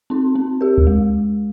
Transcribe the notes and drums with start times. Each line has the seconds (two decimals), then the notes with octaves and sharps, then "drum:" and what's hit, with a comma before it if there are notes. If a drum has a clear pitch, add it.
0.10 C4 D#4
0.35 C4
0.61 G4 A#4
0.78 drum: kick D2
0.87 G#3